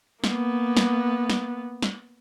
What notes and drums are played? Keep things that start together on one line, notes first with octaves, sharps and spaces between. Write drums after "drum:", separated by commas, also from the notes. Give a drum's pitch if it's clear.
A#3 B3, drum: snare
drum: snare
drum: snare
drum: snare